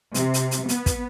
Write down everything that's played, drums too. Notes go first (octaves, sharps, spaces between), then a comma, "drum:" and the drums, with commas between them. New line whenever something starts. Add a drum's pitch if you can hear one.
C3, drum: hi-hat
drum: hi-hat
drum: hi-hat
B3, drum: hi-hat
drum: kick, hi-hat